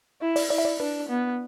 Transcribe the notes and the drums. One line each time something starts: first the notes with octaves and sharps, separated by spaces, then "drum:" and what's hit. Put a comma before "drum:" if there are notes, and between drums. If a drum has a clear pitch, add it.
E4
D5, drum: open hi-hat
E4 D5
E5
D5
D4 B4
B3